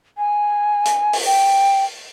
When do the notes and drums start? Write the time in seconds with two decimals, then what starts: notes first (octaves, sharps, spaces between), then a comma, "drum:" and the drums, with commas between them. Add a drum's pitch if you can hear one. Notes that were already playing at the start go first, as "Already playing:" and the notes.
0.18 G#5
0.85 drum: hi-hat
1.13 drum: open hi-hat
1.26 G5